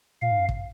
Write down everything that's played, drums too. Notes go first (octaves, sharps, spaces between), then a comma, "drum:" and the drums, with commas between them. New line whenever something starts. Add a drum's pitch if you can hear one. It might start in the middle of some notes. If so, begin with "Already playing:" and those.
A#2 F5
G#2
F#2
drum: kick